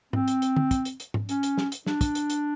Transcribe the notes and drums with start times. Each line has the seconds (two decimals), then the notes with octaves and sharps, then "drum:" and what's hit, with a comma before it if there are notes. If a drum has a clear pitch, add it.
0.13 C4, drum: tom G#2
0.28 drum: hi-hat
0.42 drum: hi-hat
0.56 drum: tom D3
0.71 drum: kick, hi-hat
0.85 drum: hi-hat
1.00 drum: hi-hat
1.14 drum: tom G#2
1.29 C#4, drum: hi-hat
1.43 drum: hi-hat
1.58 drum: snare
1.72 drum: hi-hat
1.86 D4, drum: snare
2.01 drum: kick, hi-hat
2.15 drum: hi-hat
2.30 drum: hi-hat